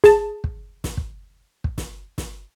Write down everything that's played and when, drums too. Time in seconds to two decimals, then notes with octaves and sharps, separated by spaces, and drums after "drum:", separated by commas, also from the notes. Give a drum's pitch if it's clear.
0.04 G#4 A5, drum: snare
0.44 drum: kick
0.84 drum: snare
0.97 drum: kick
1.64 drum: kick
1.78 drum: snare
2.18 drum: snare